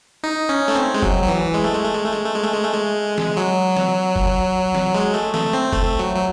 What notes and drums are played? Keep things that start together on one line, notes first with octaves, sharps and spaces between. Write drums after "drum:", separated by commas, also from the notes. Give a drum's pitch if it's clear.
D#4
C#4
A3
C4
G#3
F#3, drum: kick F#1
F#3
E3
G#3
A3
G#3
A3
G#3
A3
G#3
A3
G#3
A3
G#3
A3
G#3
drum: snare
F#3
drum: snare
drum: kick F#1
drum: snare
G#3
A3
A3, drum: snare
C4
A3, drum: kick F#1
F#3
F#3